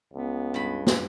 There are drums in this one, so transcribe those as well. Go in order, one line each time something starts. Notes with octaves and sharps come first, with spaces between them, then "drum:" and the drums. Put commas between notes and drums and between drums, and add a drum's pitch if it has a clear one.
C#2 B3
G2 B5
drum: snare